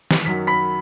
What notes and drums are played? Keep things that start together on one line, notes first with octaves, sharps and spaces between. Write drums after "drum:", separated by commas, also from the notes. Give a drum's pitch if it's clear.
drum: snare
F#2 D#3 F#3 B6
B5 B6